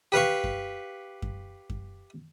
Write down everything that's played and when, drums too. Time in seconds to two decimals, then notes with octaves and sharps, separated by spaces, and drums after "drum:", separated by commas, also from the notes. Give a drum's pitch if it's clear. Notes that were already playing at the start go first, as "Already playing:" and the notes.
0.12 G4 B4 F5 C#6
0.44 drum: kick F#2
1.22 drum: kick F#2
1.70 drum: kick F#2